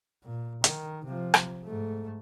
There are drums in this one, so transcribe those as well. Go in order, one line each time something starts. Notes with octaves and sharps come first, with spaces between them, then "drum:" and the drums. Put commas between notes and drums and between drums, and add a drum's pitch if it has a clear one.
A#2
D#3, drum: hi-hat
C3 F3
drum: rim click
G#2 A3